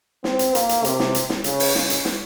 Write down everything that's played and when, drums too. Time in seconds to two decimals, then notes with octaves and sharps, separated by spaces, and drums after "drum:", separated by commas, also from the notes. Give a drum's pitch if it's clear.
0.24 C4, drum: snare
0.39 drum: hi-hat
0.55 A#3, drum: hi-hat
0.69 drum: hi-hat
0.85 C3, drum: hi-hat
0.99 drum: snare
1.15 drum: hi-hat
1.30 drum: snare
1.44 C#3, drum: hi-hat
1.60 drum: open hi-hat
1.75 C#3, drum: snare
1.90 drum: hi-hat
2.05 drum: snare